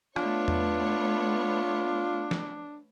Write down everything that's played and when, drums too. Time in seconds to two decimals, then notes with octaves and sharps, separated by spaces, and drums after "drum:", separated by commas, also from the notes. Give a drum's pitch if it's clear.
0.16 A3 B3 D4 F4 C#5, drum: rim click
0.48 drum: tom E2
2.31 drum: snare